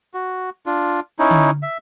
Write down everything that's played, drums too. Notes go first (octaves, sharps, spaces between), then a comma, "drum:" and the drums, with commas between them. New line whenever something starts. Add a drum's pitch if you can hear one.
F#4
D4 F4
C#4 D#4 E4
drum: tom D3
E5